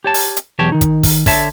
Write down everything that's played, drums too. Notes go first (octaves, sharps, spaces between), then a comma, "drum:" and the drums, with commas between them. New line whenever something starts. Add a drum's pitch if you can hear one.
G4 C#5 A5
drum: open hi-hat
drum: hi-hat
B1 E2 G4 C#5 A5
D#3 D#4
drum: kick, hi-hat
drum: kick, open hi-hat
D3 C#5 E5 A5, drum: kick, open hi-hat